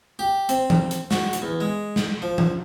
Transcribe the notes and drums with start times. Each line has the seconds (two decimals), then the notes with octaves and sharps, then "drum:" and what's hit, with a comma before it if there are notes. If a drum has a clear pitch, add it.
0.19 G4
0.49 C4, drum: hi-hat
0.70 drum: tom E3
0.91 drum: hi-hat
1.11 F#4, drum: snare
1.33 drum: hi-hat
1.42 E2
1.61 G#3
1.96 drum: snare
2.22 F3
2.38 drum: tom E3